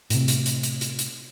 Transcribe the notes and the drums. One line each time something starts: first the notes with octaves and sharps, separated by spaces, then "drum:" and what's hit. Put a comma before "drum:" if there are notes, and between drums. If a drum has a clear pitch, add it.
A2 C3, drum: hi-hat
drum: hi-hat
drum: hi-hat
drum: hi-hat
drum: hi-hat
drum: hi-hat